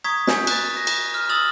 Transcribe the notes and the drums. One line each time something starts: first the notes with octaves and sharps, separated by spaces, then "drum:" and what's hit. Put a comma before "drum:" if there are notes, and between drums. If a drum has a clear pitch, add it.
A#5 C#6 D#6 G#6 B6
G#5 G6 B6, drum: snare
F#6 A6, drum: cymbal
A#6
drum: cymbal
F6
D#6 E6 A6 F7 F#7